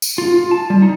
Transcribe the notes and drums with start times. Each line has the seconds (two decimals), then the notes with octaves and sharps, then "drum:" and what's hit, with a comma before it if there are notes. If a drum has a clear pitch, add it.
0.02 drum: tambourine
0.18 F4
0.37 F4
0.51 A5
0.70 G3
0.82 D#4